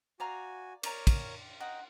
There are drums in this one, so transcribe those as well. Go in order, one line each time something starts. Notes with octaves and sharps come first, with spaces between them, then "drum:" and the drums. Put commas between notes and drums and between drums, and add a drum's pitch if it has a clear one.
F#4 D5 F5 G#5 A#5
A#4 C#5 D5 A#5, drum: cymbal
drum: kick, cymbal
D#5 F#5 G5 A#5